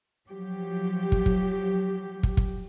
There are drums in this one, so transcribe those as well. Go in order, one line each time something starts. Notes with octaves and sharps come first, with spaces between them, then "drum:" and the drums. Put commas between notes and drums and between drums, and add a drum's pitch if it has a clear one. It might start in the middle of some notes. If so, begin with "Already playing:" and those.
F3 F#3 G4
drum: kick
drum: kick
drum: kick
drum: kick